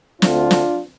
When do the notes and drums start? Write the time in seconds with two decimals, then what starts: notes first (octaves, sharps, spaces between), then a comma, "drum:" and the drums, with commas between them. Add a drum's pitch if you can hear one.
0.22 D2 D3 A3 C4 D4 F4, drum: snare
0.51 drum: snare